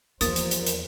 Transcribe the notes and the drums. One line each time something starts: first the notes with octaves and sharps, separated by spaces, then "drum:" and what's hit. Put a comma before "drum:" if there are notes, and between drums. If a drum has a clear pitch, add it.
E2 F3 G3 A#3 C5 D#6 A6, drum: hi-hat
drum: hi-hat
drum: hi-hat
drum: hi-hat